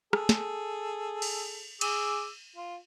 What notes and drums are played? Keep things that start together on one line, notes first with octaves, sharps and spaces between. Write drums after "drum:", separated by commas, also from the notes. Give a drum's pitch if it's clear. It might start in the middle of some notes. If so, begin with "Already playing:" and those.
G#4 A4, drum: rim click
drum: snare
drum: cymbal
G#4 D6 E6, drum: cymbal
F4